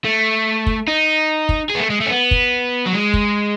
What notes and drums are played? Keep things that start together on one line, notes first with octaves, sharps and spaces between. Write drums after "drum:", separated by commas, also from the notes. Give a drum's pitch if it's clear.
A3
drum: kick
D#4
drum: kick
G#4
B3
A3
G#3
A3
C#4
B3
drum: kick
F#3
G#3
drum: kick